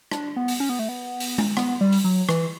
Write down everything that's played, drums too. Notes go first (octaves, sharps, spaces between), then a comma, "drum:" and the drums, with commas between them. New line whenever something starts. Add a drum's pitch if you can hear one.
D4, drum: rim click
B3
drum: open hi-hat
C#4
B3
A3
B3
drum: open hi-hat
drum: tom G#3
B3, drum: rim click
G3
drum: open hi-hat
F#3
E3, drum: rim click